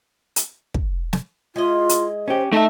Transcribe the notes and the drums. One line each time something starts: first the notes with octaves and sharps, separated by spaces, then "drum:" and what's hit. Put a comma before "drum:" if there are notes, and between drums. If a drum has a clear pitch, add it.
drum: hi-hat
drum: kick
drum: snare
G#3 E4 F4 D#5
drum: hi-hat
C#4 G4 C5
A3 D#4 E5 A5